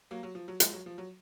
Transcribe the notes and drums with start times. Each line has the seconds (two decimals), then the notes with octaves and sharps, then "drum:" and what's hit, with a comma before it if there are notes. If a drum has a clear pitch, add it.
0.11 F#3 A#3
0.23 F#3
0.35 F3
0.48 F#3
0.60 F3 G#3, drum: hi-hat
0.73 F#3
0.86 F3
0.98 F#3